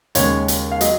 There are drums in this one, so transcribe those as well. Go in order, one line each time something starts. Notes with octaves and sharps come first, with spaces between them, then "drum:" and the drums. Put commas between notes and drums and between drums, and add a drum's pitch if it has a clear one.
D#2 C#3 G#3 C#5, drum: hi-hat
drum: hi-hat
F5
F#3 D#5, drum: hi-hat